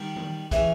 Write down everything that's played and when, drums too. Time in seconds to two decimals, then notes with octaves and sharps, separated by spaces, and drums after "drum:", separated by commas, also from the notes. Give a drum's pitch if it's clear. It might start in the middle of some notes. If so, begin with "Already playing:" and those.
Already playing: D#3 G3
0.16 drum: tom D#3
0.51 C#3 E3, drum: kick, hi-hat